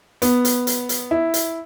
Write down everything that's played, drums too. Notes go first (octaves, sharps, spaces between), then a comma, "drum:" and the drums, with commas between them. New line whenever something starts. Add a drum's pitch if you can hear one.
B3, drum: hi-hat
drum: hi-hat
drum: hi-hat
drum: hi-hat
E4
drum: hi-hat